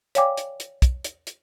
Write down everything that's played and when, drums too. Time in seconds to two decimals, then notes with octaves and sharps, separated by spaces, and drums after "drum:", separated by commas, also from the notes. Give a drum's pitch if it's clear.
0.15 C#5 D5 F5 G5 G#5 D6, drum: hi-hat
0.37 drum: hi-hat
0.60 drum: hi-hat
0.82 drum: kick, hi-hat
1.04 drum: hi-hat
1.27 drum: hi-hat